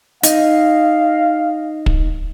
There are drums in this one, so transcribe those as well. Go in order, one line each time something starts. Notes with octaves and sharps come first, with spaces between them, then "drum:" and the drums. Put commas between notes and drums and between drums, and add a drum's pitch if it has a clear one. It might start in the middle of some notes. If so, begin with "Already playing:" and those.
D#4 F5, drum: hi-hat
drum: kick